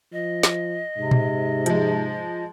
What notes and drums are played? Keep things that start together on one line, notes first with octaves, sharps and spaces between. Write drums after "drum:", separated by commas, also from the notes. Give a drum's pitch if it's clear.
F3 D#5
drum: snare
G#2 C3
drum: tom A#2
F3 G#3, drum: hi-hat